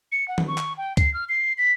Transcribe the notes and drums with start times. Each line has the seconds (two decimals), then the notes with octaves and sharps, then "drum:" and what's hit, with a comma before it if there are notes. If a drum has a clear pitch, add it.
0.12 C#7
0.28 F#5
0.38 drum: tom
0.48 C#6
0.58 drum: clap
0.78 G5
0.97 C7, drum: kick C#2, hi-hat
1.14 F6
1.29 C7
1.58 B6